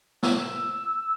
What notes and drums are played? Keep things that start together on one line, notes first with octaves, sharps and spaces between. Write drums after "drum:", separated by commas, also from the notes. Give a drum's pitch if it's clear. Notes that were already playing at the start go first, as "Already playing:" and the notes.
E6, drum: snare